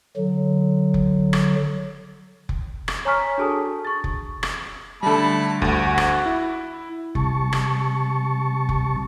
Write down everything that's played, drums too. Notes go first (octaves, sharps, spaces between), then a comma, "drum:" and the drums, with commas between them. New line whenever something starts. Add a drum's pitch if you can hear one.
D3 F#3
drum: kick F1
drum: rim click
drum: kick F1
drum: rim click
C#5 G#5 A#5 C#6 F6 B6
D4 F#4 G#4 A4 A5 D#6
C#6 A6
drum: kick F1
drum: rim click
D3 G3 A3 A5 B5
D2 F#4, drum: kick F1
drum: rim click
E4
C3 G3 A5 C#6, drum: kick F1
drum: rim click
drum: kick F1